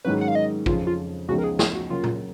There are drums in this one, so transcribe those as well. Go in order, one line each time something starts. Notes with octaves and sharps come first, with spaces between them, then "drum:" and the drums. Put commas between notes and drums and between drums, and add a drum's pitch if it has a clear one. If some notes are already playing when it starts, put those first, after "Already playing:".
G#2 D#3 F#3 C#4 B4
F#5
F5
D#5
F2 C#3 F3 F4, drum: kick
F4
C#2 C#3 F3 B3 D#4 F#4
A#4
G#4
G#4, drum: snare
F#4
C#3 F#3 A#3 F4
drum: tom A#2